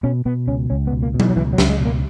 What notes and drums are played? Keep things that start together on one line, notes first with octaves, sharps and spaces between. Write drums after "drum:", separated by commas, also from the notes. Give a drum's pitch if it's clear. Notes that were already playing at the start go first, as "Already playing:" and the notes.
B2 C#4
B2 B3
C#2 C#4
C#2 C#4
B3
B2
A#3
B2
G#3, drum: tom F#3
F#3
C#2 E3
F#3
C#2, drum: snare
G#3
B2
A#3